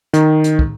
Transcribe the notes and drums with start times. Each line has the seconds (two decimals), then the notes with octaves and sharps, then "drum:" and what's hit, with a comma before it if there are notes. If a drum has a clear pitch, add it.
0.13 D#3, drum: hi-hat
0.44 drum: hi-hat
0.59 drum: kick